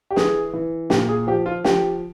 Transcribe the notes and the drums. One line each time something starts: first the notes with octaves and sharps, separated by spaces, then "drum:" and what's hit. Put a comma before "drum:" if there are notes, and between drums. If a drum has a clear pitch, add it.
G4
E3 G#4, drum: snare
E3
A#2 G4, drum: snare
G#4
F3 G4
F4
F3 G4, drum: snare